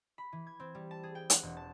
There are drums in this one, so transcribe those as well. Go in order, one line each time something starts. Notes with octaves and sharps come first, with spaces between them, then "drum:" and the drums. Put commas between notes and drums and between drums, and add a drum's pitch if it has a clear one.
B5
E3
G#6
C4
G3
A5
G#4
G5
F#5, drum: hi-hat
E1
A5